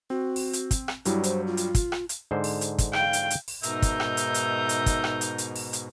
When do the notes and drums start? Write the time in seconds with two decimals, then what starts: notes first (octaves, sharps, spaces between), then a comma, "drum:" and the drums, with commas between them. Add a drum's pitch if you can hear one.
0.10 C4 F#4
0.36 drum: open hi-hat
0.53 drum: hi-hat
0.71 drum: kick, hi-hat
0.88 drum: rim click
1.05 G2 F#3 G3 E4, drum: hi-hat
1.24 C5, drum: hi-hat
1.47 F4
1.57 drum: hi-hat
1.75 drum: kick, hi-hat
1.92 drum: rim click
2.09 drum: hi-hat
2.31 G#2 D3 C5
2.44 drum: open hi-hat
2.61 drum: hi-hat
2.78 drum: kick, hi-hat
2.93 F5 G5, drum: rim click
3.13 drum: hi-hat
3.30 drum: hi-hat
3.48 drum: open hi-hat
3.63 G#2 B2 D#4 A#4 E5 G6, drum: hi-hat
3.82 drum: kick, hi-hat
4.00 drum: rim click
4.17 drum: hi-hat
4.34 drum: hi-hat
4.69 drum: hi-hat
4.86 drum: kick, hi-hat
5.04 drum: rim click
5.21 drum: hi-hat
5.38 drum: hi-hat
5.56 drum: open hi-hat
5.73 drum: hi-hat